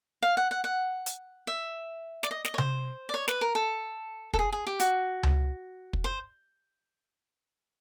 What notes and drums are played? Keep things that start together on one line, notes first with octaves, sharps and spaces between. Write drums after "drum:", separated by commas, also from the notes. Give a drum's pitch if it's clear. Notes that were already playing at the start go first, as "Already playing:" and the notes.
F5
F#5
F#5
F#5
drum: hi-hat
E5
D5, drum: snare
D#5
D#5, drum: snare
C#5
C5, drum: tom C3
D5
C#5
B4, drum: snare
A#4
A4
A4, drum: kick
G#4
G#4
G4
F#4, drum: hi-hat
drum: tom C#2
drum: kick
C5